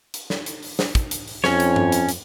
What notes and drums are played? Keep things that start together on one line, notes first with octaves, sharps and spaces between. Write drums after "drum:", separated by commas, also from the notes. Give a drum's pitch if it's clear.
drum: hi-hat
drum: snare
drum: hi-hat
drum: open hi-hat
drum: snare
drum: kick, hi-hat
drum: hi-hat
drum: open hi-hat
F2 C#4 C#5, drum: snare
drum: hi-hat
drum: tom G2
drum: hi-hat
drum: hi-hat